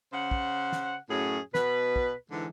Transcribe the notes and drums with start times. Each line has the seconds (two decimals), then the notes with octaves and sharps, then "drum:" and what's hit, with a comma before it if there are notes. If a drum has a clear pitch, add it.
0.13 C#3 C5 F#5
0.31 drum: kick
0.72 drum: snare
1.10 F#2 A2 C#4 F#4 G#4
1.55 B2 B4, drum: snare
1.96 drum: kick
2.31 G#2 D3 E3